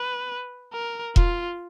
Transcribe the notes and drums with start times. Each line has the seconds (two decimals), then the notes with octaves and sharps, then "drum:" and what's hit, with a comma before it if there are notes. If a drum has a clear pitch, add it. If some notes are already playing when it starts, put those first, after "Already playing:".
Already playing: B4
0.73 A#4
1.16 F4, drum: kick E1